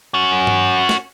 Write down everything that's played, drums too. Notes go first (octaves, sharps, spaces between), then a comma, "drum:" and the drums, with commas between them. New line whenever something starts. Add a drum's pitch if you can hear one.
C#4 F#4
drum: tom G2
drum: snare